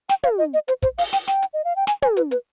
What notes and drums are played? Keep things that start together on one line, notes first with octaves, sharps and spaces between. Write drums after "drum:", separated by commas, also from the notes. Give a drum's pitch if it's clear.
G5, drum: snare
F5, drum: tom
D#5
D#5
C5, drum: hi-hat
C5, drum: kick, hi-hat
F5, drum: open hi-hat
G5, drum: snare
G5, drum: snare
drum: hi-hat
D#5
F5
G5
G#5, drum: snare
G#5, drum: tom
B4, drum: hi-hat
B4, drum: hi-hat